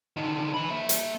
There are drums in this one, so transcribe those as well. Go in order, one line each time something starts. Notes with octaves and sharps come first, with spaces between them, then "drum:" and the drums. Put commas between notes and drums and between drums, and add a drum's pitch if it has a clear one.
D3 D#3
E3 B5
A#3 E5
drum: hi-hat